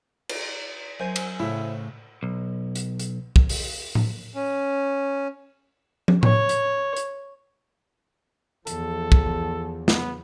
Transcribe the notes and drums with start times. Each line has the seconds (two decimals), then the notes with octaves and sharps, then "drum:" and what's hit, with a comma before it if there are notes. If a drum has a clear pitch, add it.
0.29 drum: cymbal
1.00 F#2 C5 G#5
1.16 drum: cymbal
1.40 A2 C#3 E4
2.23 B1
2.75 drum: hi-hat
3.00 drum: hi-hat
3.36 drum: kick
3.49 drum: open hi-hat
3.95 drum: tom A2
4.35 C#4
6.08 drum: tom
6.23 C#5, drum: tom A2
6.49 drum: hi-hat
6.97 drum: hi-hat
8.67 E2 F3 A4, drum: hi-hat
9.12 drum: kick
9.88 B3, drum: snare